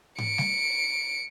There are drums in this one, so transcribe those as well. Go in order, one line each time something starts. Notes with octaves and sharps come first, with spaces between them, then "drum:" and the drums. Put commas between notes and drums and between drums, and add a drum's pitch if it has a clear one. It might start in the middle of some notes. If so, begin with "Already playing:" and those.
C#7 D7, drum: tom G#2
drum: snare G3